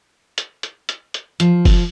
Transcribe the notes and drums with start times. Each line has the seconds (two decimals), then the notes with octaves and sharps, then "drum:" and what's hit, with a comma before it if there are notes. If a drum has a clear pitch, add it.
0.38 drum: hi-hat
0.63 drum: hi-hat
0.89 drum: hi-hat
1.14 drum: hi-hat
1.40 F3, drum: hi-hat
1.65 drum: kick, open hi-hat